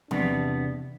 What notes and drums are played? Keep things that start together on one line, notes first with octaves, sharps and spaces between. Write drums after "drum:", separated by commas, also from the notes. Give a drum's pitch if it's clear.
E2 C3 B3 D4, drum: tom E3